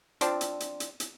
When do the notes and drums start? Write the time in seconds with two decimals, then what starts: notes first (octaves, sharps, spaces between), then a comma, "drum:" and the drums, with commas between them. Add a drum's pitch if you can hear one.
0.21 F3 C4 D4, drum: hi-hat
0.41 drum: hi-hat
0.60 drum: hi-hat
0.80 drum: hi-hat
1.00 drum: hi-hat